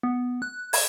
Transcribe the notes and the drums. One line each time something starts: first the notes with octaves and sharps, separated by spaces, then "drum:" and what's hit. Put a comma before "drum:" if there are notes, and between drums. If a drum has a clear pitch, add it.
B3
F#6
G#6, drum: open hi-hat